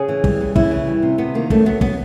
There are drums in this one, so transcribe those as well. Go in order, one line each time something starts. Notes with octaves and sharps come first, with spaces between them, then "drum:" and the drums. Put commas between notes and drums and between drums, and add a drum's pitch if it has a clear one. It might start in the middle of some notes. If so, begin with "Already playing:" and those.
Already playing: C#3 G#4
E3
G3, drum: kick
C#3
C#3 E4, drum: kick
E3
G3
C3
C3 B3
D#3 A#3
C#3 A3, drum: kick
F#3 B3
C#3 B3, drum: kick